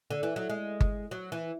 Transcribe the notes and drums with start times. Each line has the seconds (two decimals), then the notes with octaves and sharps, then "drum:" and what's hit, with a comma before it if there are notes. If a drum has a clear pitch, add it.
0.10 D3
0.23 E3
0.36 F#3
0.50 G#3
0.81 drum: kick G1
1.11 F#3
1.32 E3